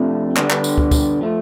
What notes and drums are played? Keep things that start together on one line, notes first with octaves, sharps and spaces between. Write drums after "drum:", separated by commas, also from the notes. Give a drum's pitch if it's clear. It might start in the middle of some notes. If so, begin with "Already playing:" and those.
Already playing: F2 C3 F3 A3 D4
D3 G3 B3 D4, drum: clap
drum: clap
drum: tambourine
drum: kick
drum: kick, tambourine
F3 A3